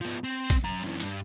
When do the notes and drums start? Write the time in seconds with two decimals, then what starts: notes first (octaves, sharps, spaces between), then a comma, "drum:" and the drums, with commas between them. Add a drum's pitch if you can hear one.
0.01 F3 B3
0.24 C4
0.50 drum: kick, hi-hat
0.64 F#2 A#5
0.84 F#2 E3
1.00 G2, drum: hi-hat